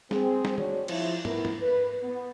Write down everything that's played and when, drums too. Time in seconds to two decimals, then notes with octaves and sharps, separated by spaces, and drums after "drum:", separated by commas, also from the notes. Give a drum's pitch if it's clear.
0.11 C4 G#4, drum: snare
0.45 drum: snare
0.58 D4 F#4 C#5, drum: tom
0.88 F3 E4, drum: cymbal
1.25 A2 B3 E4 A#4, drum: tom
1.45 drum: tom
1.61 B4
2.03 B3